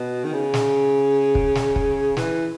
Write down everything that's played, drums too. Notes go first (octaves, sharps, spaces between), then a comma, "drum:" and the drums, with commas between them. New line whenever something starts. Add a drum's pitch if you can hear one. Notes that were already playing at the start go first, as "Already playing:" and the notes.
Already playing: B2
D#3
C#3
drum: snare
drum: kick
drum: snare
drum: kick
E3, drum: snare